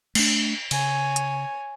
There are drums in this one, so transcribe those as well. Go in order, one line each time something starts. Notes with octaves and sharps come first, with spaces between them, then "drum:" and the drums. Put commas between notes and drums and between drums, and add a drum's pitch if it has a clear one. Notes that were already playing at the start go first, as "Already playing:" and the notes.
A3 D4, drum: cymbal
C#3 C#5 G#5, drum: cymbal
drum: hi-hat